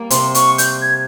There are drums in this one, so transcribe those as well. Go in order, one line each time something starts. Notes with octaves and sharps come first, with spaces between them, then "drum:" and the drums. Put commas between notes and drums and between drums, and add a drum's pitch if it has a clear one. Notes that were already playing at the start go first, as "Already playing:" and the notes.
Already playing: G3 A#3
C3 C4 C6, drum: hi-hat
C#6, drum: hi-hat
G6, drum: hi-hat
G#6